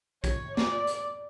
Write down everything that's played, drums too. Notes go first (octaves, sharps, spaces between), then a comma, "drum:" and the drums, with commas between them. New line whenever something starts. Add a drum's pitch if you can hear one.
C#5, drum: kick, hi-hat
D5, drum: snare
drum: hi-hat